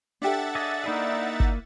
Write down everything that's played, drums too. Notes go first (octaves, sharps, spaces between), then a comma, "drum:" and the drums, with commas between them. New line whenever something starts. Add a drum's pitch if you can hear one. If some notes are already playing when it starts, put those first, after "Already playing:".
D4 G4 A4 E5 F#5 A6
G#4 D5 D#5
A#3 D#4 E4 G#4 D5
drum: kick G1